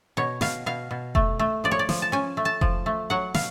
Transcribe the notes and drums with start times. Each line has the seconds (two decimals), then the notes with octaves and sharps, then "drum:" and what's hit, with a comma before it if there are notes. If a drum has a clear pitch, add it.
0.17 B2 C#5
0.41 B2 F5, drum: snare
0.66 B2 F5
0.91 B2
1.15 A3, drum: kick F1
1.39 A3
1.64 F3 D5
1.71 C#5
1.79 D5
1.89 F3, drum: snare
2.02 A5
2.12 C#4 G#5
2.37 A3
2.45 A5
2.61 F3, drum: kick F1
2.86 A3
3.10 F#3 F#5
3.34 B2 F5, drum: snare